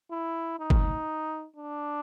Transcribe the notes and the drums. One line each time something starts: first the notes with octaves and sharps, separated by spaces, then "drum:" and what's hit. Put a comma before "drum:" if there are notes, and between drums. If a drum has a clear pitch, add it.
E4
D#4
drum: kick F#1
D4